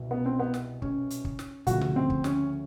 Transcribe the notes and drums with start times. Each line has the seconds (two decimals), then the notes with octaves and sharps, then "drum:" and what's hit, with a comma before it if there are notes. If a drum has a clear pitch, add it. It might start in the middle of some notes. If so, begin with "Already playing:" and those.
Already playing: C2 B2
0.11 B3
0.26 C4
0.39 B3
0.54 drum: snare
0.82 C#4, drum: kick
1.10 drum: hi-hat
1.25 drum: kick
1.39 drum: snare
1.67 D2 C#3 F3 F#4, drum: kick, hi-hat
1.81 drum: tom A#2
1.96 C4
2.10 drum: kick
2.24 C#4, drum: snare